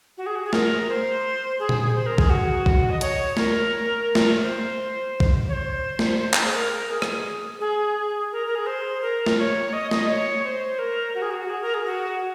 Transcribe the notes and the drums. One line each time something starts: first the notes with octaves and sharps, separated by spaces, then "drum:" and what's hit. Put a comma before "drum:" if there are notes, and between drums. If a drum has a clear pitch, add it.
F#4
G#4
F#4
G#4
A#4, drum: snare
C5
G#4
drum: tom A#2
C5
A#4
G#4, drum: kick
F#4
drum: kick
D#5
C#5, drum: hi-hat
A#4, drum: snare
drum: snare
C5
drum: kick
C#5
C5
drum: snare
C5
drum: clap
G#4
A#4
G#4
drum: rim click
G#4
A#4
A#4
G#4
C5
A#4
drum: snare
C#5
D#5
D#5, drum: snare
C#5
C5
A#4
F#4
G#4
F#4
G#4
A#4
G#4
F#4